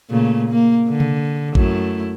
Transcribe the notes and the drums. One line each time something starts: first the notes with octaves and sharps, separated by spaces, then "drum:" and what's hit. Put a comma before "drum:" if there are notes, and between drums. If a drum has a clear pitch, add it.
A#2 C#3 A3
A#3
D3
drum: tom C3
F#2 A3 E4, drum: kick A1